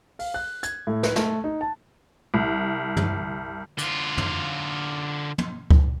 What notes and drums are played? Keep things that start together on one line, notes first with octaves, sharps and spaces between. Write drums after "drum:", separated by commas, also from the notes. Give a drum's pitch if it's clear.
F5, drum: open hi-hat
F#6
G#6, drum: hi-hat
A2
B4, drum: snare
A3, drum: snare
D#4
A5
C2
drum: tom
D3 F4, drum: hi-hat
drum: tom
drum: tom
drum: kick C#2